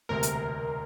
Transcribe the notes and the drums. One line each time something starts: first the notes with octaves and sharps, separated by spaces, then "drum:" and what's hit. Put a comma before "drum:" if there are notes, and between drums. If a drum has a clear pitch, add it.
E1 D2 C3 A#4
drum: hi-hat